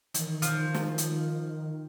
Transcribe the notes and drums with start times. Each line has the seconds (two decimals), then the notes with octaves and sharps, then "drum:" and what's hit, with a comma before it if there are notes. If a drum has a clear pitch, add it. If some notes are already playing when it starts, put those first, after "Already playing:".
0.14 D#3 E3, drum: hi-hat
0.42 F3, drum: hi-hat
0.74 drum: snare
0.98 drum: hi-hat